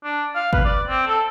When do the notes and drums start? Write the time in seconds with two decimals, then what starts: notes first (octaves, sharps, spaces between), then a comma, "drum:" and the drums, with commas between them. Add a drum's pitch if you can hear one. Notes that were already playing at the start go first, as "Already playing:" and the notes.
0.04 D4
0.35 F5
0.53 B4, drum: kick
0.65 D5
0.88 C4
1.07 A4